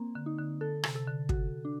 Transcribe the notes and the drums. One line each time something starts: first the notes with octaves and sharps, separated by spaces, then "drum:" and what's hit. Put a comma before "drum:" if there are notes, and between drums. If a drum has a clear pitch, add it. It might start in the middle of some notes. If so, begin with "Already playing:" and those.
Already playing: A#3 C4
D3
D#4
D3
D3 A4
C3, drum: rim click
C3 A4
D3
F#4, drum: kick
D4